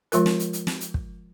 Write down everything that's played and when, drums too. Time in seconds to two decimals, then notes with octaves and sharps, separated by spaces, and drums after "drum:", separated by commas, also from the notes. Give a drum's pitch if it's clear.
0.12 F3 G#3 F4 A#4, drum: hi-hat
0.26 drum: snare
0.39 drum: hi-hat
0.53 drum: hi-hat
0.67 drum: snare
0.81 drum: hi-hat
0.94 drum: kick